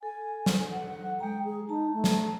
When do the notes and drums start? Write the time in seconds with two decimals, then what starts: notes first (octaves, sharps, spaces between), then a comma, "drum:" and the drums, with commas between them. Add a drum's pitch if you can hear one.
0.03 A4 G#5
0.46 drum: snare
0.72 F#5
1.20 G#3 G5 A#5
1.45 G#4
1.69 D#4 A5 A#5
1.93 A3
2.04 drum: snare